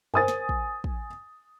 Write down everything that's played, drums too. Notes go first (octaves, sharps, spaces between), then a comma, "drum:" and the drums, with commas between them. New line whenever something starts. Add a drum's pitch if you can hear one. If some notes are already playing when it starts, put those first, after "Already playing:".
A#4 C5 G#5 D#6 A6, drum: tom F#2
drum: snare
drum: kick
drum: kick